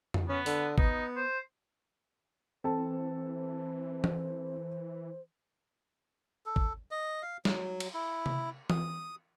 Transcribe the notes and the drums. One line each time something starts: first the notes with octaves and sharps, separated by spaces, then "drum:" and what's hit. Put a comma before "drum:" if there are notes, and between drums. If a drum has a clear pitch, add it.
drum: tom F2
B3 C#4
D3, drum: open hi-hat
B3 D#4, drum: kick
C5
E3 C4 A4 C5 A5
drum: tom E3
A4
drum: kick
D#5
F5
F#3, drum: snare
drum: cymbal
E4
drum: tom C3
D#6, drum: tom E3